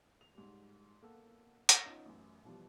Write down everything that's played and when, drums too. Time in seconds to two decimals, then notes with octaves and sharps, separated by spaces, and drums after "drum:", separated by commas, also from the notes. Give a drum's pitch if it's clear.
0.21 F7
0.35 G#2 G3
1.03 A#3 B3 A4 F#5
1.69 drum: hi-hat
1.84 B3 C#4 D#4 F4
2.05 A1 F#2
2.44 B2 E3 F3 G3